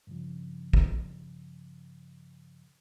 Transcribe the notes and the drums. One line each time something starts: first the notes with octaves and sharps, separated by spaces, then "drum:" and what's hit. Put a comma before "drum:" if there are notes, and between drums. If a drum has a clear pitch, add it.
G2 C#3 F3
drum: kick